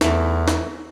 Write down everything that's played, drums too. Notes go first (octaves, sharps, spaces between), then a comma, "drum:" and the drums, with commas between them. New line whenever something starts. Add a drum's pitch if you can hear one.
E2 E3 A3, drum: snare
drum: snare